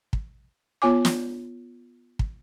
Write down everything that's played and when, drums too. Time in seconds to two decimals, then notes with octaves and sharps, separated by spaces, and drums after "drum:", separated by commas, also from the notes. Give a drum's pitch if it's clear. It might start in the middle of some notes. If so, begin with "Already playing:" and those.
0.13 drum: kick
0.82 B3 F4 C#5 G#5 D6
1.05 drum: snare
2.19 drum: kick